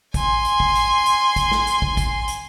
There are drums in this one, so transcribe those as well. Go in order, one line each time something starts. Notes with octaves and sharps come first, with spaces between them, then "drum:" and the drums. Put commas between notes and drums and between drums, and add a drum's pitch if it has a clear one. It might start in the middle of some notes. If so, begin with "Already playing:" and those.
G#5 C6, drum: kick, hi-hat
drum: hi-hat
drum: kick
drum: hi-hat
drum: hi-hat
drum: kick, hi-hat
drum: snare
drum: hi-hat
drum: kick
drum: kick, hi-hat
drum: hi-hat